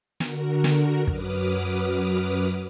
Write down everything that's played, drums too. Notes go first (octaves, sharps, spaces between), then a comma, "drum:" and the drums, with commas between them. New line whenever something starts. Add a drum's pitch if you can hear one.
D3 F#4 A#4, drum: snare
drum: snare
F#2 F#3 B4 D6 D#6 F6, drum: kick